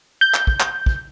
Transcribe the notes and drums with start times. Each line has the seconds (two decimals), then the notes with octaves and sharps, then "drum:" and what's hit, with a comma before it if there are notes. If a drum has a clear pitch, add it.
0.21 G6
0.34 drum: clap
0.47 drum: kick
0.60 drum: clap
0.86 drum: kick